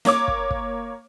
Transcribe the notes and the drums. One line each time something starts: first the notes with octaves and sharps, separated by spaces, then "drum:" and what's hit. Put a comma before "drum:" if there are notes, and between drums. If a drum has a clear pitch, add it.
A#3 C#5 D6, drum: snare
drum: kick
drum: kick